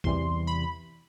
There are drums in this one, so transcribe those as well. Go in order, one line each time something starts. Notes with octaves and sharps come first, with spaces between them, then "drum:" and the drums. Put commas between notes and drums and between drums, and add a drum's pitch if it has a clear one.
E2 C3 E3 G3 C6, drum: kick B1
B5